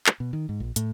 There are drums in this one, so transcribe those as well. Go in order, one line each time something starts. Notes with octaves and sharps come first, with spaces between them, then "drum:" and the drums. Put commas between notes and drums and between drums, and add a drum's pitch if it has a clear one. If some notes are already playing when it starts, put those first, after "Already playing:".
drum: clap
B2
D#3
G#2
A#1
A2, drum: hi-hat